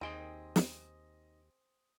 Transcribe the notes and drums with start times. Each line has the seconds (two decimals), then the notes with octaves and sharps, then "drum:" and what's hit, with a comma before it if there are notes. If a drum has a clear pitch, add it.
0.01 D#2 C4 D#4 G#4 D#5 G5 C6
0.56 drum: snare